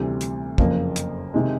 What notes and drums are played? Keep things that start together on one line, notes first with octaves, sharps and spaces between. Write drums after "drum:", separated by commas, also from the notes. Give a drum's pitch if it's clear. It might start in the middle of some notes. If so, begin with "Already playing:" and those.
Already playing: D2 C3 E3 G3
drum: hi-hat
F#1 F2 C#3 F3 A#3, drum: kick
drum: hi-hat
C3 D#3 G#3